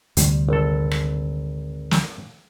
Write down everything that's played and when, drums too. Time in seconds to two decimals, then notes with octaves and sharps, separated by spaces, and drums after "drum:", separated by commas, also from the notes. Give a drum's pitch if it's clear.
0.17 D2 C3 G3, drum: hi-hat
0.49 G#1 A4
0.91 drum: rim click
1.91 drum: snare